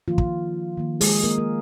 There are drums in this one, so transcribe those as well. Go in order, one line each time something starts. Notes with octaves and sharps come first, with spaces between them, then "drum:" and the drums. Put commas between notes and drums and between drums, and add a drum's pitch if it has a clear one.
D#3 F3 A#3 F4
drum: kick
D#3 A#3
G#3 G#4, drum: open hi-hat
A#3 A#4
A#4